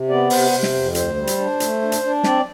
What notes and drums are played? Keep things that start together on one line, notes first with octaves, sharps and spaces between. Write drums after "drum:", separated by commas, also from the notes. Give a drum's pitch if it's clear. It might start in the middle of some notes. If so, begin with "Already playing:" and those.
Already playing: C3
B3 D5
C3 C5, drum: open hi-hat
C3
drum: snare
F2
D2 C5, drum: hi-hat
G3
drum: hi-hat
D4
A3, drum: hi-hat
D4
drum: hi-hat
D4
C4 D5, drum: snare